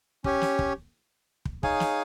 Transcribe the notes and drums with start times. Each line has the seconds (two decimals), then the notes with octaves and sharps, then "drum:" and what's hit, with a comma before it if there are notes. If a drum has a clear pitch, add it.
0.24 C#4 G4 C#5, drum: kick
0.41 drum: snare
0.59 drum: kick
1.45 drum: kick
1.63 D#4 G#4 C#5 F5 G#5, drum: kick
1.80 drum: snare